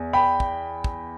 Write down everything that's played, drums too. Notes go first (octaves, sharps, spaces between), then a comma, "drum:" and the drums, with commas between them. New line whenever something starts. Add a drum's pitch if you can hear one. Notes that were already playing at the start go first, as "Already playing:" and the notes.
Already playing: E2
G5 B5
drum: kick
drum: kick